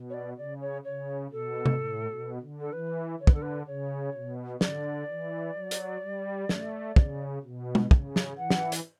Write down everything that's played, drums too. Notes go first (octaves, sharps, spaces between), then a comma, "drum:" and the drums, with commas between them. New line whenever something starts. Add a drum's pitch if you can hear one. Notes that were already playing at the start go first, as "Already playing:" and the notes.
Already playing: B2
C#5
D5
C#3 D5
C#5
C#3 C#5
B2 A4
drum: tom C3
A2
B2
D3
A4
E3 B4
D3 C#5
B4, drum: kick
A4
B4
C#3 C#5
B2
D3 D5, drum: snare
E3
F#3
drum: hi-hat
G3
A3, drum: snare
C#3, drum: kick
B2
drum: tom G#3
C#3, drum: kick
drum: snare
E3 F#5
drum: snare
drum: hi-hat